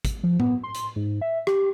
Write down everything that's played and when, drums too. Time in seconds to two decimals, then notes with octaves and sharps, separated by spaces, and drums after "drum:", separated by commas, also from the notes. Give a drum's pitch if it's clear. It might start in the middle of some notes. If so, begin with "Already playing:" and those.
0.05 drum: kick, hi-hat
0.23 F3
0.40 B3, drum: tom A2
0.64 C6
0.75 drum: hi-hat
0.96 G#2
1.22 E5
1.47 G4, drum: rim click